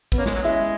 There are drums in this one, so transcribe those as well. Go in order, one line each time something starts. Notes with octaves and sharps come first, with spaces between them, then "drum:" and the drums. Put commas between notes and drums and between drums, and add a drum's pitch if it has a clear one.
B3, drum: kick
A#3 C#4
G#3, drum: snare
F#3
G#3 E4